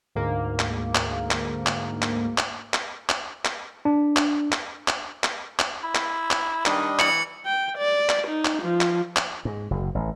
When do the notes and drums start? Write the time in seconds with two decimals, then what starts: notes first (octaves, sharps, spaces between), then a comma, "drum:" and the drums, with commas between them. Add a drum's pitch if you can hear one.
0.15 D2 G#2 A#3
0.59 drum: clap
0.95 drum: clap
1.31 drum: clap
1.67 drum: clap
2.02 drum: clap
2.38 drum: clap
2.74 drum: clap
3.09 drum: clap
3.45 drum: clap
3.85 D4
4.17 drum: clap
4.52 drum: clap
4.88 drum: clap
5.24 drum: clap
5.59 drum: clap
5.84 E4
5.95 drum: clap
6.31 drum: clap
6.66 D#3 G3 D4 D#5, drum: clap
6.99 E3 C#7 F#7, drum: clap
7.45 G5
7.78 D5
8.09 drum: clap
8.27 D#4
8.45 drum: clap
8.62 F3
8.81 drum: clap
9.17 drum: clap
9.45 G#2
9.71 F#1
9.95 A1